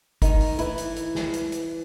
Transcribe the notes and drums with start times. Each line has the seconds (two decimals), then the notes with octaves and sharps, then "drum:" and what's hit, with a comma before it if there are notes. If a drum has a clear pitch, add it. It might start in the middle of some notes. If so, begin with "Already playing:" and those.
0.22 D#3 D#4, drum: kick G1, hi-hat
0.41 drum: open hi-hat
0.59 E3 E4, drum: hi-hat
0.78 drum: hi-hat
0.96 drum: hi-hat
1.15 drum: snare
1.33 drum: hi-hat
1.52 drum: hi-hat